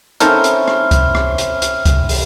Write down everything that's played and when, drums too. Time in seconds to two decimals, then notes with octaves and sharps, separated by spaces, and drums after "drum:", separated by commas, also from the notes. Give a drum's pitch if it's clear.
0.20 C4 C#4 D#4 E4 A4 A#4 F6, drum: hi-hat
0.44 drum: hi-hat
0.68 drum: rim click
0.91 drum: kick C2, hi-hat
1.15 drum: rim click
1.38 drum: hi-hat
1.62 drum: hi-hat
1.86 drum: kick C2, hi-hat
2.09 drum: open hi-hat